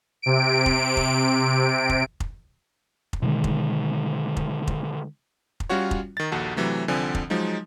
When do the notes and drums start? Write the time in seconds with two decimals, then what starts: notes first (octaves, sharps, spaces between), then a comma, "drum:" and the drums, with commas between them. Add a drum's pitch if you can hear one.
0.22 C3 D7
0.66 drum: kick F1
0.97 drum: kick F1
1.89 drum: kick F1
2.20 drum: kick F1
3.13 drum: kick F1
3.22 B2 D3 D#3 G#3
3.44 drum: kick F1
4.37 drum: kick F1
4.67 drum: kick F1
5.60 drum: kick F1
5.69 G3 C#4 F4 F#4 C#5
5.91 drum: kick F1
6.17 D#3 A6
6.31 A#1 D#2 F#4 A4
6.56 C3 E3 F#3 A3
6.88 C2 D3 F3 C4 G#5
7.15 drum: kick F1
7.30 F3 F#3 G#3 D#4